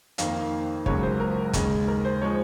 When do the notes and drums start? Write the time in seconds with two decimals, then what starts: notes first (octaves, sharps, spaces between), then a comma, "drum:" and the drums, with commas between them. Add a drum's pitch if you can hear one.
0.18 F2 D#3 A#3 F5, drum: hi-hat
0.86 C#2 C#3 F#3 A#3 C#5, drum: kick
1.03 C5
1.20 A#4
1.53 D#2 C#3 G#3, drum: kick, hi-hat
1.88 A#4
2.05 C5
2.22 F3 G#3 C#5